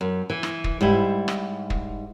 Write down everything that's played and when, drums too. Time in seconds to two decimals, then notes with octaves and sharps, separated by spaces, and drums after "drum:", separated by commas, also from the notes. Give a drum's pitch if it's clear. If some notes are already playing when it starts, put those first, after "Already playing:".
0.01 F#2
0.30 E3
0.43 drum: rim click
0.64 drum: kick
0.81 G#2 G3 E4
1.28 drum: rim click
1.70 drum: kick